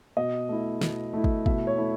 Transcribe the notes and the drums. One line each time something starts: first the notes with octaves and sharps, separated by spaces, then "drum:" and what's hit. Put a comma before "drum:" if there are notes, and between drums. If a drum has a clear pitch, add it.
B2 D#5
A3 E4
B2, drum: snare
A3 E4
drum: kick
B2 E5, drum: kick
C#5
A3 E4